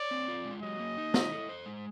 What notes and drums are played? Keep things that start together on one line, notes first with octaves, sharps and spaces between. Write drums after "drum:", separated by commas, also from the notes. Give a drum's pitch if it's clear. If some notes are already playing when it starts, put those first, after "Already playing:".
Already playing: C#5 D5
C4
F4
G#3
F#3 D#5
A#3
D#4
E4, drum: snare
A4
C5
G#3